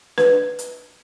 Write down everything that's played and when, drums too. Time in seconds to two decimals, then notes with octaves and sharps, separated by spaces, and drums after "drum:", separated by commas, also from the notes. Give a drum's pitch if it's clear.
0.18 B4, drum: snare
0.59 drum: hi-hat